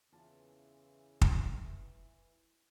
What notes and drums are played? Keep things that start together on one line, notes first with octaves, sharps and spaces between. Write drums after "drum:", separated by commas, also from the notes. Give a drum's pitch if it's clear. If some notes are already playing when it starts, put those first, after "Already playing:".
E2 C#3 E3 F4 A5
drum: kick